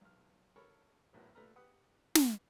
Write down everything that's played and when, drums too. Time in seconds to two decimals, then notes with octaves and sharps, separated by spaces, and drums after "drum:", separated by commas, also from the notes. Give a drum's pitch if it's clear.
0.01 B1 F6
0.56 A4 A#4 C#5 A5 B5 C#6
1.13 G#1 A2 F#3 A#3 B3
1.35 A#2 A3 A4 B4 A#5 F6
1.56 G4 B4 F#5 D#6
2.15 drum: snare